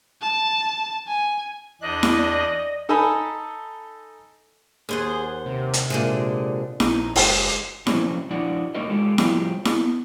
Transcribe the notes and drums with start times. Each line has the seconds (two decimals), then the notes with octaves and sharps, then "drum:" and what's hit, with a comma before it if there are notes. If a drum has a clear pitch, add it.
0.21 A5
1.07 G#5
1.82 E2 D4 D#5 F#6
2.03 drum: snare E4
2.18 D5
2.89 D#4 A4 D#5 G#5 A5 B5
4.89 D#2 G#4 C5 F#5
5.46 C3
5.73 drum: hi-hat
5.90 A#2 D3 G#3
6.80 A#1 D#4, drum: snare E4
7.16 F#1 G#3, drum: open hi-hat
7.87 F3 F#3 A3 A#3 C4 C#4, drum: snare E4
8.30 F3 D4 E4 F#4 D5 F#5
8.75 A#3 D#4 F#4 A#4 D#5
8.89 G#3 F4 G4 A4
9.18 F3 G3 F4 G4 G#4, drum: snare E4
9.65 B3, drum: snare E4